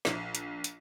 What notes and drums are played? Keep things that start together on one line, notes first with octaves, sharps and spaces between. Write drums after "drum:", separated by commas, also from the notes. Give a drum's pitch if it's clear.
A#1, drum: snare
drum: hi-hat
drum: hi-hat